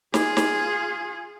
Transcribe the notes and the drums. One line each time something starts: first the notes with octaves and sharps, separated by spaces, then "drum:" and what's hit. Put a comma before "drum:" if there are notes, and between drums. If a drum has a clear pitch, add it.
F4 G#4, drum: snare
drum: snare